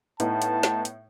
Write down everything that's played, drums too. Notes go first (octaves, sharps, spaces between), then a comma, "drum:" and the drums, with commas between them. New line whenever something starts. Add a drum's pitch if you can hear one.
A2 B3 D#4 A5, drum: hi-hat
drum: hi-hat
drum: snare
drum: hi-hat